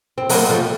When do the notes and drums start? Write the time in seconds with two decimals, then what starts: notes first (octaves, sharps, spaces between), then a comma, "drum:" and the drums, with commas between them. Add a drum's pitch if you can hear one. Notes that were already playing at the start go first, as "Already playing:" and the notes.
0.18 C4
0.29 F#3 A#3, drum: open hi-hat
0.49 F3 A3